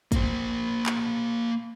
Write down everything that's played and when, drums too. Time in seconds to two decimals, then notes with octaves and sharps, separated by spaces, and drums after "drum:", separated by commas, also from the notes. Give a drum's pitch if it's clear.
0.12 A#3 C5, drum: kick, hi-hat
0.86 drum: clap